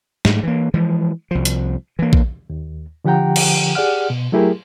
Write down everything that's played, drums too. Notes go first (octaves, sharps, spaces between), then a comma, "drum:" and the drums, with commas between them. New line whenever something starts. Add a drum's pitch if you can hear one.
G#2 A3, drum: snare
E3 A#3
E3 F3 G#3
C2 F3
drum: hi-hat
E3 A#3
drum: kick A#1
D#2
D3 F3 G4 F#5 G5 A#5
drum: cymbal
G4 G#4 D5 F#5 F6
B2
F#3 A3 E4 G4 G#4 A#4